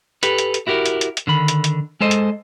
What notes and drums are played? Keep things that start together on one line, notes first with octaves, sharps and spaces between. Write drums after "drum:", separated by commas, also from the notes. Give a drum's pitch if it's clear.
G4 A4 B4, drum: hi-hat
drum: hi-hat
drum: hi-hat
E4 F#4 G4 A#4
drum: hi-hat
drum: hi-hat
drum: hi-hat
D3 D#3 B5
drum: hi-hat
drum: hi-hat
G#3 A4 C5 D#5
drum: hi-hat